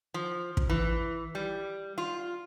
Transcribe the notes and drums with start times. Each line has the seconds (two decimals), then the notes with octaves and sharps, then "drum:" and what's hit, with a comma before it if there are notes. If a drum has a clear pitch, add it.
0.14 F3
0.57 drum: kick
0.69 E3
1.35 G3
1.98 F4